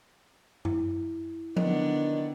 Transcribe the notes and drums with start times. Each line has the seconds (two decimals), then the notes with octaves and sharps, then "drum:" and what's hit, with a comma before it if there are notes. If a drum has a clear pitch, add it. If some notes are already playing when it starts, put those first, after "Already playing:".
0.65 E4, drum: tom F#2
1.57 D3 D#3 B3 D4, drum: tom F3